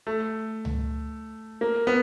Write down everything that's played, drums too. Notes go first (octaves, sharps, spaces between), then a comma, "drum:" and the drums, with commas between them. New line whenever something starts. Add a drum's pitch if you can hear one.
A3
drum: tom C#2
A#3
B3